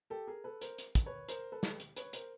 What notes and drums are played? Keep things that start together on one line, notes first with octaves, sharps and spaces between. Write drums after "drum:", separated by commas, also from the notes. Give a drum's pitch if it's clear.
G4 A4
G#4 A#4
A4 B4
A#4 C5, drum: hi-hat
drum: hi-hat
drum: kick, hi-hat
B4 C#5
A#4 C5, drum: hi-hat
A4 B4
drum: snare
drum: hi-hat
B4 C#5, drum: hi-hat
A#4 C5, drum: hi-hat